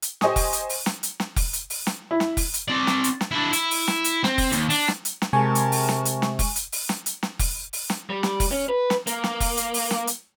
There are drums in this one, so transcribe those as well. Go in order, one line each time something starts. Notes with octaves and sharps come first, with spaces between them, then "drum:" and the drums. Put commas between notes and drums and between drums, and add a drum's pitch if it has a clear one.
drum: hi-hat
G4 C5 D#5 G#5 C#6 D#6, drum: snare
drum: kick F1, open hi-hat
drum: hi-hat
drum: open hi-hat
drum: snare
drum: hi-hat
drum: snare
drum: kick F1, open hi-hat
drum: hi-hat
drum: open hi-hat
drum: snare
E4
drum: snare
drum: kick F1, open hi-hat
drum: hi-hat
C4 D5
drum: snare
drum: hi-hat
drum: snare
D4 E4
E4, drum: hi-hat
drum: open hi-hat
drum: snare
drum: hi-hat
C4, drum: snare
drum: kick F1, open hi-hat
D#2, drum: hi-hat
D4, drum: open hi-hat
drum: snare
drum: hi-hat
drum: snare
C3 G#3 A#4 G#5 A5 C#6
drum: hi-hat
drum: open hi-hat
drum: snare
drum: hi-hat
drum: snare
drum: kick F1, open hi-hat
drum: hi-hat
drum: open hi-hat
drum: snare
drum: hi-hat
drum: snare
drum: kick F1, open hi-hat
drum: open hi-hat
drum: snare
G3
drum: snare
drum: kick F1, open hi-hat
C#4
B4
drum: snare
A#3, drum: hi-hat
drum: snare
drum: kick F1, open hi-hat
drum: hi-hat
drum: open hi-hat
drum: snare
drum: hi-hat